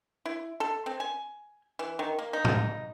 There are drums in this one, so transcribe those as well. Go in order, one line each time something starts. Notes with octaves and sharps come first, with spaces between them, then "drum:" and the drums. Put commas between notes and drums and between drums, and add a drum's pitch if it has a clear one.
E4
A4
C4
G#5
E3
D#3
A#3
D#4
drum: tom A2